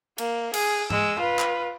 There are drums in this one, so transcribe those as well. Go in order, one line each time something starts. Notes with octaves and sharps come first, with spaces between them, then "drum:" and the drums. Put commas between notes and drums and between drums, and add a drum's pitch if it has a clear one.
A#3, drum: cymbal
G#4, drum: cymbal
G#3 E6, drum: tom
F4 B4
drum: clap